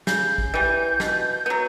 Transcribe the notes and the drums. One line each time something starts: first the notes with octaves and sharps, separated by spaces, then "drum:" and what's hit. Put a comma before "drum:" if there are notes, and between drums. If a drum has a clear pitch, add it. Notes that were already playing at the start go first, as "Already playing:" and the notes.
C#3 G6, drum: snare
drum: kick
E3 G3
B2, drum: snare
F#3 B3